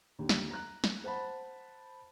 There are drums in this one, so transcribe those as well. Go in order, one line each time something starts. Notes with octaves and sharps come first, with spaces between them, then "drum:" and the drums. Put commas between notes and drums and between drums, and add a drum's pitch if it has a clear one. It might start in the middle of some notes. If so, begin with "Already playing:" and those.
D#2 D3
drum: snare
A#5 F#6
drum: snare
C5 F#5 A5 B5